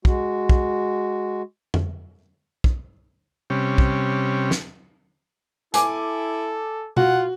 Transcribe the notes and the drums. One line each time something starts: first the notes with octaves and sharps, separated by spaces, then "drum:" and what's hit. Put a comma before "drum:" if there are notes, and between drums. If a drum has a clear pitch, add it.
G#3 F#4, drum: kick
drum: kick
drum: tom F2
drum: kick
C3 G3 C#4
drum: kick
drum: snare
E4 A4 G#5 D6, drum: hi-hat
F4 F#4 F#5, drum: tom B2